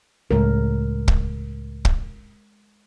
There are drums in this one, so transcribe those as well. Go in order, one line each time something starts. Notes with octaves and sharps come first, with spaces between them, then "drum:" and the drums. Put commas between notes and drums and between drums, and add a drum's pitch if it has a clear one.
C#2 A2 G#3 A#4
drum: kick
drum: kick